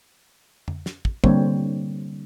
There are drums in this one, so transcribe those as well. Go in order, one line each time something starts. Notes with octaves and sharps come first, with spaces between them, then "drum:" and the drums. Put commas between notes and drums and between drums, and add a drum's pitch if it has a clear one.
drum: tom F2
drum: snare
drum: kick
D3 G3 A#3 C4 C5 C#5, drum: kick